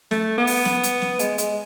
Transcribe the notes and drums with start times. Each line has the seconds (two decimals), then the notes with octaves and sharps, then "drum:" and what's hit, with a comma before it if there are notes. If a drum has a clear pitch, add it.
0.11 A3, drum: snare
0.38 B3
0.47 drum: open hi-hat
0.65 drum: snare
0.83 drum: hi-hat
1.02 drum: snare
1.19 G#3, drum: hi-hat
1.38 G#3, drum: hi-hat